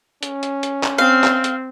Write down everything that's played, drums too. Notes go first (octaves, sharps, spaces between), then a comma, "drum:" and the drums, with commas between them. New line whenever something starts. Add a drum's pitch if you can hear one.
C#4, drum: hi-hat
drum: hi-hat
drum: hi-hat
drum: clap
C4 F5
drum: clap
drum: hi-hat